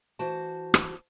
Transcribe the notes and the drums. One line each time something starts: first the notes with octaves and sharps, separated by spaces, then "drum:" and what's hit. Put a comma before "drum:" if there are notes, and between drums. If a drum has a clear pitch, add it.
E3 F#4 C5 A5
drum: rim click